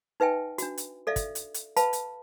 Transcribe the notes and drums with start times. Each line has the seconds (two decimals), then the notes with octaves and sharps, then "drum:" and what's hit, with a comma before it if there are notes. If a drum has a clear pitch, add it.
0.20 D#4 B4 E5 G5 G#5
0.58 D4 F#4, drum: hi-hat
0.78 drum: hi-hat
1.07 A4 D5 E5 F5
1.16 drum: kick, hi-hat
1.35 drum: hi-hat
1.54 drum: hi-hat
1.76 B4 F5 A5 B5, drum: hi-hat
1.93 drum: hi-hat